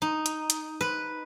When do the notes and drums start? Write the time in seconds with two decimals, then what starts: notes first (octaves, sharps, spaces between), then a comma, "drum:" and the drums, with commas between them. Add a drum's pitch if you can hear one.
0.02 D#4
0.26 drum: hi-hat
0.50 drum: hi-hat
0.81 B4